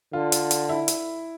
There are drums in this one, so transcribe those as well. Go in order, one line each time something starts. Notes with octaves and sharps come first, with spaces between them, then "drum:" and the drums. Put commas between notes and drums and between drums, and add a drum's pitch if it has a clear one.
D3 F4
drum: hi-hat
drum: hi-hat
E4
drum: hi-hat